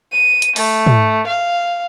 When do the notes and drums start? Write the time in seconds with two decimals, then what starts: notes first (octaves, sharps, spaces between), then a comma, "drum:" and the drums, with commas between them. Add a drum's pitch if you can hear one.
0.12 D#7
0.42 drum: hi-hat
0.56 A3, drum: open hi-hat
0.87 drum: tom
1.27 F5